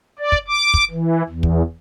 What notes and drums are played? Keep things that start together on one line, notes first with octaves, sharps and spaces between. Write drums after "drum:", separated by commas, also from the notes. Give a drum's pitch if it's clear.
D5
drum: kick
D6
drum: kick
E3
E2
drum: kick